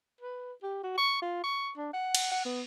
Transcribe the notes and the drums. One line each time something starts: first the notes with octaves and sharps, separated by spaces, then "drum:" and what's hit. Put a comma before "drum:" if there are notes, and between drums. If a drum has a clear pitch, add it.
B4
G4
F#4
C#6
F4
C#6
D4
F#5
drum: cymbal
F#5
B3